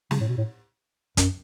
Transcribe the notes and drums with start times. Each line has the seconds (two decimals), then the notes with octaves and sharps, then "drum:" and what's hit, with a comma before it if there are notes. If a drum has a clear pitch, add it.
0.11 C#3, drum: snare
0.20 A2
0.28 B2
0.38 A2
1.17 F#2, drum: kick, hi-hat